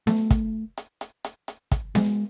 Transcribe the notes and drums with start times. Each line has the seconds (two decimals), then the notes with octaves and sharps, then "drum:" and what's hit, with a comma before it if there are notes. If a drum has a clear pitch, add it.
0.07 A3, drum: snare B3
0.30 drum: kick, hi-hat
0.77 drum: hi-hat
1.01 drum: hi-hat
1.24 drum: hi-hat
1.48 drum: hi-hat
1.71 drum: kick, hi-hat
1.95 G#3, drum: snare B3